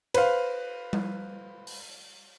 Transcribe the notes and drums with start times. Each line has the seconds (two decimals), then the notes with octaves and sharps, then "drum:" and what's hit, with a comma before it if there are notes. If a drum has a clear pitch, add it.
0.14 B4 C5 F5, drum: cymbal
0.93 drum: tom G3
1.67 drum: open hi-hat